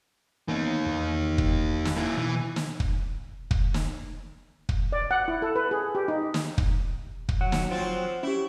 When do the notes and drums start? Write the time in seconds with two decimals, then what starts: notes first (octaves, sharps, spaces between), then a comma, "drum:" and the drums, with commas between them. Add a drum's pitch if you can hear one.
0.48 E3 A#3 B3 C#4 D#4
0.86 E2
1.38 drum: kick
1.85 drum: snare
1.96 A#3 E4
2.17 B2 E3
2.56 drum: snare
2.80 drum: kick
3.51 drum: kick
3.74 drum: snare
4.69 drum: kick
4.92 D5
5.11 F#5
5.28 E4
5.42 A4
5.56 B4
5.71 G#4
5.95 G4
6.08 D#4
6.34 drum: snare
6.58 drum: kick
7.29 drum: kick
7.41 F#3 F#5
7.52 drum: snare
7.70 F3 C4 F4
8.23 C#4 E4 G4